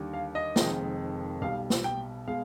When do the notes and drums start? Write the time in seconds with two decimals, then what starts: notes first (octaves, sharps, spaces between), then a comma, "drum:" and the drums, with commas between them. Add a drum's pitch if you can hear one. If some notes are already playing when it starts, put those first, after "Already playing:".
Already playing: D#2 D3 G3
0.13 F5
0.35 D#5
0.56 F1 F2 D#3 G#3, drum: snare
1.42 B1 B2 G3 F5
1.70 drum: snare
1.84 G5
2.27 B2 G#3 F5